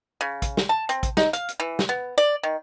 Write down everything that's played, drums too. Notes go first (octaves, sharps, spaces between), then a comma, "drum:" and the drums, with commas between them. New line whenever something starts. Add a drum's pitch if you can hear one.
C#3
drum: kick A1, hi-hat
drum: snare
A5
C4, drum: hi-hat
drum: kick A1, hi-hat
D#4, drum: snare
F5, drum: hi-hat
drum: hi-hat
E3
drum: snare
B3
D5
D#3